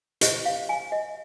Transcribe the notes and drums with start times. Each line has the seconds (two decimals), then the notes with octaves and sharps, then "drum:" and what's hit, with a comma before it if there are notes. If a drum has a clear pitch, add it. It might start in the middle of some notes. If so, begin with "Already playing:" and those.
0.21 G4 C5 D#5, drum: hi-hat
0.46 F5
0.69 G#5
0.92 D#5